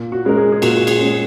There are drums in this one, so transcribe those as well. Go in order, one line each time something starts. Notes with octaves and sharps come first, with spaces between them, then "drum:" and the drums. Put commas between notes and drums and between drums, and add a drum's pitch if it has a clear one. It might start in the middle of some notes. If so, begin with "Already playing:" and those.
Already playing: A#2
F#4
G#3 C#4 A#4
G#4
G#4
A#2 F#4, drum: cymbal
F#4
G#4, drum: cymbal
G#3 C#4